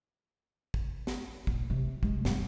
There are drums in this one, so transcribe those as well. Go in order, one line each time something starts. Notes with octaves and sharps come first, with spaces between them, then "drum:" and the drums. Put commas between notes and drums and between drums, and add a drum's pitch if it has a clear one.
drum: kick
drum: snare
A#2, drum: kick
C3
G#3, drum: kick
G2, drum: snare